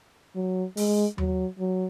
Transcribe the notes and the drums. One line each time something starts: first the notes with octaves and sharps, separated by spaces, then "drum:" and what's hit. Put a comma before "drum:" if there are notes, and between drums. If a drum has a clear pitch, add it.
F#3
G#3, drum: open hi-hat
F#3, drum: tom D#2
F#3